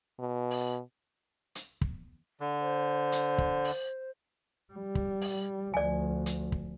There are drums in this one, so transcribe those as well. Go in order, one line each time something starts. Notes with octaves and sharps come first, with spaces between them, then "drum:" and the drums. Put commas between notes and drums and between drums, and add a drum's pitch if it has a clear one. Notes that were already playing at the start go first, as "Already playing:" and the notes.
B2
drum: open hi-hat
drum: hi-hat
drum: kick
D3
C5
drum: hi-hat
drum: kick
drum: open hi-hat
G3
drum: kick
drum: open hi-hat
D2 F3 D5 G#5
drum: hi-hat
drum: kick